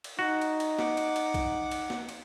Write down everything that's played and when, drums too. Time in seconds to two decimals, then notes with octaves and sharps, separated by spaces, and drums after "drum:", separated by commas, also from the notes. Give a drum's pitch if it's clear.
0.04 drum: cymbal
0.19 D#4 F#4
0.41 drum: cymbal
0.60 drum: cymbal
0.79 F#5 D6, drum: snare
0.97 drum: cymbal
1.16 drum: cymbal
1.34 drum: kick B1, cymbal
1.71 drum: cymbal
1.90 drum: snare
2.09 drum: cymbal